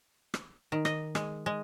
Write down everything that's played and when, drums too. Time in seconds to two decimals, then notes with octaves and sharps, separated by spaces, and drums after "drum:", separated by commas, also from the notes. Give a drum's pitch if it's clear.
0.34 drum: rim click
0.72 D#3
0.85 D#5, drum: rim click
1.15 G#3, drum: rim click
1.46 G#3